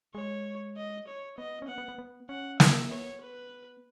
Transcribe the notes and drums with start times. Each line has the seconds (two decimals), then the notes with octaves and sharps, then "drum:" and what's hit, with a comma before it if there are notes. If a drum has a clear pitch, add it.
0.14 G#3 C#5
0.77 D#5
1.08 C#5
1.38 B3 D#5
1.62 C#4
1.68 B3 F#5
1.78 B3
1.88 B3
1.99 B3
2.29 C#4 F#5
2.60 E5, drum: snare
2.91 B3 C#5
3.22 B4